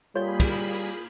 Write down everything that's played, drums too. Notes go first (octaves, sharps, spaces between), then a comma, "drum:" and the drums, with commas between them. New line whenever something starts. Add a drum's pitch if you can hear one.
G3 A#3 F4 G#4 C#5 B5 G6
drum: kick, cymbal